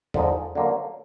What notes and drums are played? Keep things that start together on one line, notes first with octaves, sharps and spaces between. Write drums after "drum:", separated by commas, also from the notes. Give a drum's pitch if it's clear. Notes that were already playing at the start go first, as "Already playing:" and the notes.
D3 F3 G#3 D#4, drum: tom
D3 F#3 A#3